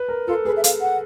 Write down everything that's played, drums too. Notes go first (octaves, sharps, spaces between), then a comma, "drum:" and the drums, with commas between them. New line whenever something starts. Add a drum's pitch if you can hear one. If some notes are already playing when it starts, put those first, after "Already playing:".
Already playing: B4
A#4
F4 A4
G#4 B4
E5
F5, drum: hi-hat
F#5